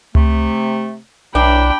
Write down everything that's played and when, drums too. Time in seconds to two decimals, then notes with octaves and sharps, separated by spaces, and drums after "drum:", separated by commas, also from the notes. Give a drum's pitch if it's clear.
0.15 C3 A3, drum: tom C#2
1.35 B1 E3 F#3 D4 G5 B5